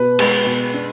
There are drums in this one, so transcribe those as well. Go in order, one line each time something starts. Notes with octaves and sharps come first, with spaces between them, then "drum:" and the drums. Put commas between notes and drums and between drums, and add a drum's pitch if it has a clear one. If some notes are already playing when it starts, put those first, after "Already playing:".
Already playing: B2 B4
G#3, drum: cymbal
B2
D4